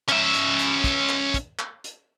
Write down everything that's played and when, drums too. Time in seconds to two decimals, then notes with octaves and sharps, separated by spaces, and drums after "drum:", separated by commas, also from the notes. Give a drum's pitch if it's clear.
0.09 C#4 E5, drum: clap
0.34 drum: hi-hat
0.59 drum: hi-hat
0.84 drum: kick, hi-hat
1.09 drum: clap
1.34 drum: kick, hi-hat
1.59 drum: clap
1.84 drum: hi-hat